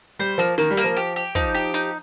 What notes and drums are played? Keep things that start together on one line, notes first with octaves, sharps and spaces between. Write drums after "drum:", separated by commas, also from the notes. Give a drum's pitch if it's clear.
G3 C5
F3 A#3
D#3 A#3, drum: hi-hat
G3
A#3
F3
G4
G4
F3 D#4, drum: kick, hi-hat
G4
D#4